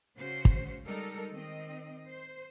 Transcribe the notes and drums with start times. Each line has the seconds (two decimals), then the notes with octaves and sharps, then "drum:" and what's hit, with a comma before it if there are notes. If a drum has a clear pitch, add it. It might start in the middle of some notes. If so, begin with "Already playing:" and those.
0.17 C#3 C#4 F#4 C5
0.45 drum: kick
0.85 G3 G#3 D#4 A4 A#4
1.32 D#3 C4 D#5
2.07 C5